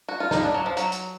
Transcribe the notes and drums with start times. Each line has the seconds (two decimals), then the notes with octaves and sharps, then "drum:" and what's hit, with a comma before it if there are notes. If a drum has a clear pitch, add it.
0.09 F#4
0.20 F4
0.31 D#4, drum: snare
0.43 D4
0.54 F#3
0.66 F3
0.77 F#3, drum: hi-hat
0.92 drum: hi-hat